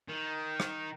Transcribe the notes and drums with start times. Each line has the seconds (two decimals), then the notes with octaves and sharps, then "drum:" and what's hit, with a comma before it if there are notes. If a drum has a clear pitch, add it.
0.08 D#3
0.60 drum: rim click